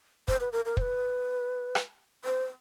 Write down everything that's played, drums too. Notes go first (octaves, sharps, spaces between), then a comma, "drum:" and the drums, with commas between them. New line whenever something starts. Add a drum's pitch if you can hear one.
C5, drum: kick
B4
A#4
A#4
C5, drum: kick
B4
drum: rim click
C5